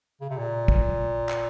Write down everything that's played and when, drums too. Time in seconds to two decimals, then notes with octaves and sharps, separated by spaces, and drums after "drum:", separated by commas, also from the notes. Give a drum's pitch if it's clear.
0.21 C#3
0.30 C3
0.38 A#2
0.68 drum: kick
1.29 drum: clap